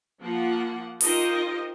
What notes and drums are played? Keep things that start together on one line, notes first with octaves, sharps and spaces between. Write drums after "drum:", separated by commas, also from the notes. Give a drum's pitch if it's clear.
F3 A#3 F4 F#5
D#4 F4 G4 A#4 C5 D#5, drum: open hi-hat